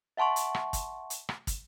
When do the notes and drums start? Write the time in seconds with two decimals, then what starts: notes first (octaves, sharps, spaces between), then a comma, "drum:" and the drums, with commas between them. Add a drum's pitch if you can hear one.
0.17 E5 F#5 A5 C6 C#6
0.36 drum: hi-hat
0.55 drum: rim click
0.73 drum: kick, hi-hat
1.10 drum: hi-hat
1.29 drum: rim click
1.47 drum: kick, hi-hat